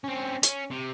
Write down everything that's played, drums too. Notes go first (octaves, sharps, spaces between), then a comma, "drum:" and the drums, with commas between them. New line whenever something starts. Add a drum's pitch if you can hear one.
C4 C#4
C#4, drum: hi-hat
C3